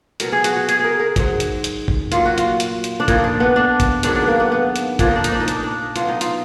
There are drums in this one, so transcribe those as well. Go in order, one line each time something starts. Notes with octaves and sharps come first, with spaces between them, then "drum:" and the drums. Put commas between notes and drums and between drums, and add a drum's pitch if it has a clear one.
B2 F#3 A#4, drum: hi-hat
G#4
F#4, drum: hi-hat
F#4
G#4, drum: hi-hat
G#4 A#4
A#4
G#2 F#3, drum: kick, hi-hat
drum: hi-hat
drum: hi-hat
drum: kick
A#2 F#3 F4, drum: hi-hat
F#4
F4, drum: hi-hat
drum: hi-hat
drum: hi-hat
D4
A#2 F3 D#4, drum: kick, hi-hat
D4
B3
D4
drum: kick, hi-hat
G#2 D#3 F#3 D4, drum: hi-hat
D4
B3
A#3
B3
B3
drum: hi-hat
A#2 F3 D4, drum: kick, hi-hat
D#4
D4
D#4, drum: hi-hat
D4
D#4
D4, drum: hi-hat
D#4
D4
B2 F#3 F4, drum: hi-hat
D#4
F4, drum: hi-hat